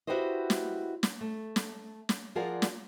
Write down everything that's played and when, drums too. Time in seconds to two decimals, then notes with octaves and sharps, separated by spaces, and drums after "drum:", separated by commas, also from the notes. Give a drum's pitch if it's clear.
0.07 E4 F#4 G4 B4 C5 D#5
0.50 drum: snare
1.03 drum: snare
1.21 A3
1.56 drum: snare
2.09 drum: snare
2.35 F3 F4 G#4 A#4 D5 F#5
2.62 drum: snare